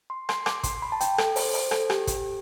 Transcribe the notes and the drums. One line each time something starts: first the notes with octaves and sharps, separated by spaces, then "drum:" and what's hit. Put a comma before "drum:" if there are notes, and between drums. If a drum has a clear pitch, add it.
C6
C6, drum: rim click
D6, drum: rim click
C6, drum: kick, hi-hat
B5
A5
G5, drum: hi-hat
A4, drum: rim click
C5, drum: open hi-hat
C5, drum: open hi-hat
A4, drum: rim click
G4, drum: rim click
drum: kick, hi-hat